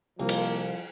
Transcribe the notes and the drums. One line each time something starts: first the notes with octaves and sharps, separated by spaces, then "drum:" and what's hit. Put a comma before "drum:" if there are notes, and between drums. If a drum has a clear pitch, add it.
C2 F3 A#3
drum: cymbal